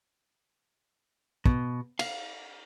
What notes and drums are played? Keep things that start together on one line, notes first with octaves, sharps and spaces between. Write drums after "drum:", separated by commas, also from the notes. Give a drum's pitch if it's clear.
B2, drum: kick
F5, drum: cymbal